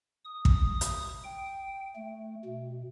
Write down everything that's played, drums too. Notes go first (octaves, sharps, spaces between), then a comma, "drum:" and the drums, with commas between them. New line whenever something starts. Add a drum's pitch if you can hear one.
D#6
drum: kick
drum: hi-hat
G5
A3
B2